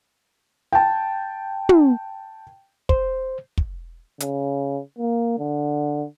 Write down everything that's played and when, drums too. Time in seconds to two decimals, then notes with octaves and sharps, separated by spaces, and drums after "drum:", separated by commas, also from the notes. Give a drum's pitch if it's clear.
0.73 G5 A5
1.69 drum: tom
2.89 C5, drum: kick
3.58 drum: kick
4.20 C#3, drum: hi-hat
4.98 A#3
5.38 D3